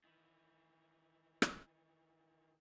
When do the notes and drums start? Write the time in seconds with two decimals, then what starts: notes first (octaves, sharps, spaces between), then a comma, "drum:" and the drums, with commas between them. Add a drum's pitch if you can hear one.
0.04 D#3 E3
1.42 drum: rim click